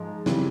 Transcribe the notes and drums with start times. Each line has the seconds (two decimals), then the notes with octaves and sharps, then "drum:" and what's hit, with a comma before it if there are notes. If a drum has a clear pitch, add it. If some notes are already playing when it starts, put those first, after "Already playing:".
Already playing: G#2 F3 G#3
0.26 C#3 E3 G3 C4, drum: snare